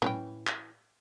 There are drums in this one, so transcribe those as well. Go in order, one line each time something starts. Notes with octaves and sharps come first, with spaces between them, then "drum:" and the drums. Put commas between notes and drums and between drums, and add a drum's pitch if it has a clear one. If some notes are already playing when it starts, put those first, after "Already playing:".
E3 C#4 G5, drum: tom
drum: clap